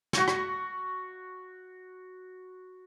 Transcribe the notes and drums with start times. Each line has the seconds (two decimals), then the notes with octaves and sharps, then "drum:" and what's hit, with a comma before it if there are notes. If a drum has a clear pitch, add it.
0.13 F#4 C#6, drum: snare
0.28 drum: rim click